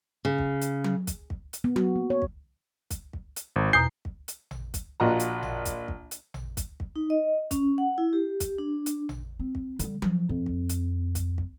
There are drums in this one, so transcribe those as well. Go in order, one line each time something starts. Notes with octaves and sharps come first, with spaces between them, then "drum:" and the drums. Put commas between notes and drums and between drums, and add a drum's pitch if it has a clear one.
C#3
drum: kick
drum: hi-hat
drum: tom F#3
drum: kick, hi-hat
drum: kick
drum: hi-hat
B3
F#4, drum: tom F#3
A#3
C#5
drum: kick
drum: kick, hi-hat
drum: kick
drum: hi-hat
G#1
E2 B2 A#5 G6 C7
drum: kick
drum: hi-hat
drum: tom A1
drum: kick, hi-hat
A#1 F4 F#4 D#5 F#5 A#5
drum: hi-hat
drum: tom A1
drum: kick, hi-hat
drum: kick
drum: hi-hat
drum: tom A1
drum: kick, hi-hat
drum: kick
D#4
D#5
C#4, drum: kick, hi-hat
F#5
E4
G4
drum: kick, hi-hat
D4
drum: hi-hat
drum: tom A1
C4
drum: kick
D3 G3, drum: hi-hat
F3, drum: tom F#3
F2
drum: kick
drum: hi-hat
drum: kick, hi-hat
drum: kick